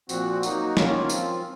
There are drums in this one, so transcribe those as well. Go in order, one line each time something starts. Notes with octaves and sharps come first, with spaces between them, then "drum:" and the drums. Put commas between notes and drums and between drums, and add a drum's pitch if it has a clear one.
A#2 F3 C4 F#4, drum: tambourine
F#3 A#3 D#4 F#4, drum: tambourine
D#3 A#3 C#4 F4, drum: snare
F3 C4 F4, drum: tambourine